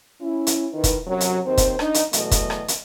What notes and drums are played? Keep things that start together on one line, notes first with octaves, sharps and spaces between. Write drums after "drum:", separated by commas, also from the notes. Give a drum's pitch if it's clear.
C#4 E4
drum: hi-hat
D#3 D#4 E4 B4
drum: kick, hi-hat
F#2 C3 F#3
drum: hi-hat
D#2 C4 C5
drum: kick, hi-hat
D4 D#4, drum: rim click
drum: hi-hat
E2 B2 F#3 A3 D#5, drum: hi-hat
drum: kick, hi-hat
drum: rim click
drum: hi-hat